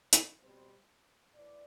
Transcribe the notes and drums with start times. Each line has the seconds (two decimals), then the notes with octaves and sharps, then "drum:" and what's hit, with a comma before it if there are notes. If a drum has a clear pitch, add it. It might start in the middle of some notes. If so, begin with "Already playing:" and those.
0.12 drum: hi-hat
0.40 B2 G3 C4 C5
1.34 A2 E3 A3 D5